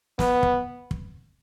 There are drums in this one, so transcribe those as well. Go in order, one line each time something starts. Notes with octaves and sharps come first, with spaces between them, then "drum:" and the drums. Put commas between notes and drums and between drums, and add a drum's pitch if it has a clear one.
B3, drum: snare
drum: kick
drum: kick